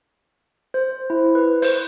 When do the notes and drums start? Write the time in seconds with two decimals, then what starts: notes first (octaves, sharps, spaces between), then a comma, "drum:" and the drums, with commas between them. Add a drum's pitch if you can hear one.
0.74 C5
1.10 E4
1.35 B4
1.62 C5, drum: open hi-hat